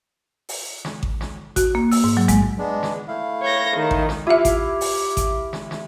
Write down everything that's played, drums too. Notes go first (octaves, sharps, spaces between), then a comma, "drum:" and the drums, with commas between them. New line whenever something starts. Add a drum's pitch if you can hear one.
drum: open hi-hat
drum: snare
drum: kick A1
drum: snare
F#4, drum: kick A1, hi-hat
A#3
E6, drum: open hi-hat
G#2
F#3
G#3, drum: kick A1, hi-hat
G#3 B3 D4
drum: snare
A3 E4 F5
C#5 G6 A#6
D#3
drum: kick A1
drum: snare
E4 F4 G4 E5 F5
drum: kick A1, hi-hat
drum: open hi-hat
drum: kick A1, hi-hat
drum: snare
drum: snare